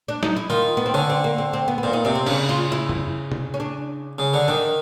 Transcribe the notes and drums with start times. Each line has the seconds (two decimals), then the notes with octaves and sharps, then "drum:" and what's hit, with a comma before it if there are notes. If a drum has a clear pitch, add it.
0.08 D4
0.23 D#4, drum: snare
0.36 E4
0.50 D#3 F4
0.77 B3
0.86 C4
0.94 D3 C#4
1.10 C4
1.24 A#3
1.38 C4
1.53 C4
1.68 B3
1.78 B3
1.83 A#2 C4
1.93 D#4
2.05 C3 D4
2.15 C4
2.26 C#3 D4, drum: cymbal
2.49 F4
2.72 E4
2.89 drum: tom
3.32 drum: tom
3.54 C#4
3.60 D4
4.18 C#3
4.33 D3
4.48 D#3 D4